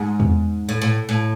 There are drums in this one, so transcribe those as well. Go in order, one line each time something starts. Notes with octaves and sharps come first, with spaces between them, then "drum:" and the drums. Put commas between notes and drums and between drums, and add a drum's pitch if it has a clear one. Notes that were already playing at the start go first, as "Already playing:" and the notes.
Already playing: G#2
drum: tom E2
A2
A2
A2